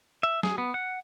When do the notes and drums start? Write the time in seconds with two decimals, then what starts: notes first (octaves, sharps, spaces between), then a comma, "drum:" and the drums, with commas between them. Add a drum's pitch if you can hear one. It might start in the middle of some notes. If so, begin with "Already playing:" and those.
0.23 E5
0.43 G#4, drum: snare
0.58 B3
0.74 F#5